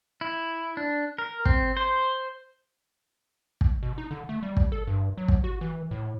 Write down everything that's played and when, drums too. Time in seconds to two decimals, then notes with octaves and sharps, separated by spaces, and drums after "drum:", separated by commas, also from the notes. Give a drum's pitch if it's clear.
0.21 E4
0.77 D4
1.18 A#4
1.45 C4, drum: kick
1.77 C5
3.61 drum: kick
3.83 B2
3.98 D#4
4.11 D3
4.29 A3
4.43 G3
4.57 drum: kick
4.72 A4
4.87 G2
5.17 F#3
5.28 drum: kick
5.44 F#4
5.61 E3
5.91 A2